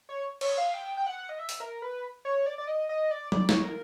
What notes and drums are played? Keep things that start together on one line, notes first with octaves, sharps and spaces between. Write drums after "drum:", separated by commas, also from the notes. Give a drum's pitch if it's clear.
C#5
C#5, drum: cymbal
F5
G5
G5
F#5
D#5
E5
drum: open hi-hat
A#4
B4
C#5
D5
D5
D#5
D#5
D5
D5, drum: tom F#3
C#5, drum: snare
A#4